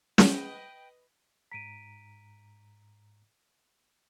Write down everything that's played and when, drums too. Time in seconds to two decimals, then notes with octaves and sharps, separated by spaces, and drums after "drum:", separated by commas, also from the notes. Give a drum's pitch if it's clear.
0.18 B4 D#5 G5, drum: snare
1.52 G#2 A#5 B6 D7 D#7